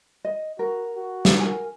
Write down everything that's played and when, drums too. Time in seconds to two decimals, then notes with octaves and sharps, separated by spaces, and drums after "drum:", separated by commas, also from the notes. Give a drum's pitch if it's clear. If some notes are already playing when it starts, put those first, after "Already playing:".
0.25 D#5
0.59 F#4 A#4
0.96 F#4
1.25 drum: snare
1.40 A#4 G#5